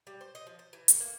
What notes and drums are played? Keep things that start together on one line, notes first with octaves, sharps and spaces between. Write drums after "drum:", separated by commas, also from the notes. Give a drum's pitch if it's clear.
G3
C5
D#5
F3
C5
E3
A3, drum: hi-hat
A#3